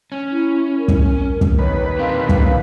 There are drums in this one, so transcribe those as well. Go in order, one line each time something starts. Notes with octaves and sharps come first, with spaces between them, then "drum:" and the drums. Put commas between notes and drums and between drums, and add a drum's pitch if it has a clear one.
C#4
E4
A#4
drum: kick
drum: kick
D#2 B4 C#5
A#2 D#3 C4 F5
drum: kick